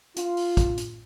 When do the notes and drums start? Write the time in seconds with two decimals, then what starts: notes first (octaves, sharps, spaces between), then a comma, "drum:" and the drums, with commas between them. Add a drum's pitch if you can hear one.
0.16 F4, drum: hi-hat
0.37 drum: open hi-hat
0.57 drum: kick, hi-hat
0.77 drum: hi-hat